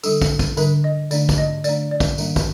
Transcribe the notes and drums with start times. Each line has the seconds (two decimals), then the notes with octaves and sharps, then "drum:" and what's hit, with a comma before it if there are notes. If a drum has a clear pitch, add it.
0.03 D3 G3 D4 A4, drum: tambourine
0.21 drum: kick, tambourine
0.39 drum: kick, tambourine
0.57 D3 G3 D4 A#4, drum: tambourine
0.84 D#5
1.11 D3 A3 D4 D5, drum: tambourine
1.29 drum: kick, tambourine
1.38 D#5
1.64 D3 A3 D4 D5, drum: tambourine
1.91 D5
2.00 drum: kick, tambourine
2.18 D#3 G3 A#3 D4, drum: tambourine
2.36 drum: kick, tambourine